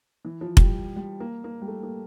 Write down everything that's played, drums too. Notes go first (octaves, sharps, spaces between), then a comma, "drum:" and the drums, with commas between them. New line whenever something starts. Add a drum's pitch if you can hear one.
E3
F3
G3, drum: kick F1
G3
A#3
A#3
G3
A3
A#3